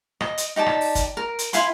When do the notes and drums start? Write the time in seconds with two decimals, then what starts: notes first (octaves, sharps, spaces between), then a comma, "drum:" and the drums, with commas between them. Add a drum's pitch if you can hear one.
0.21 D#5, drum: rim click
0.38 drum: hi-hat
0.56 D#4 G4 D5 A5
0.66 drum: rim click
0.81 drum: open hi-hat
0.95 drum: kick, hi-hat
1.17 A#4
1.39 drum: hi-hat
1.53 E4 F5 G#5 C6, drum: hi-hat